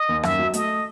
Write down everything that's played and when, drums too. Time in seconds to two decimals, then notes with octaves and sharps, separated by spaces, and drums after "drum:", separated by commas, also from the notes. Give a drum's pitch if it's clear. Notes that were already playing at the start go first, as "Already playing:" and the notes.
Already playing: D#5
0.09 D#2
0.23 F#2 E5, drum: rim click
0.39 F#3
0.54 A3 D#5, drum: hi-hat